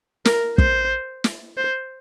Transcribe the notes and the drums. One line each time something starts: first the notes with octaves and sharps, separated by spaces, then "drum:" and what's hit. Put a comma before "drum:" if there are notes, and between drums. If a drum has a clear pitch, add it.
A#4, drum: snare
C5, drum: kick
drum: snare
C5